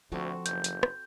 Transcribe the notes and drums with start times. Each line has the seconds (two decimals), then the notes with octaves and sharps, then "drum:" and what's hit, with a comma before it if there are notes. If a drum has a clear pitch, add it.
0.12 D2 F3 C4 F#4 A4
0.46 F#1 G6, drum: hi-hat
0.64 drum: hi-hat
0.83 drum: rim click